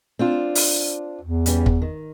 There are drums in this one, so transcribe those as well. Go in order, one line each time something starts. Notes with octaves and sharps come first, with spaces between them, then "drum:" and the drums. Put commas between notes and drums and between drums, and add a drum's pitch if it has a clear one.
C4 D4 F4
drum: open hi-hat
E2
E3 G3 C#4, drum: hi-hat
drum: kick
D#3